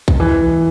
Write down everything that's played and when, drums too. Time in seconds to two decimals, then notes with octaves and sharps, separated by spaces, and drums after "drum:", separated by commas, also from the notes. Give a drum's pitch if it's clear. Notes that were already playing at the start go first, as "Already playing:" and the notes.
0.08 drum: kick B1
0.20 E3